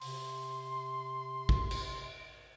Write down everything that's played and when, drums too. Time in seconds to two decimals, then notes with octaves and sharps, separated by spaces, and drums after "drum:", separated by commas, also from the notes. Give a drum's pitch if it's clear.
0.01 C3 C6, drum: open hi-hat
1.49 drum: kick A1
1.71 drum: cymbal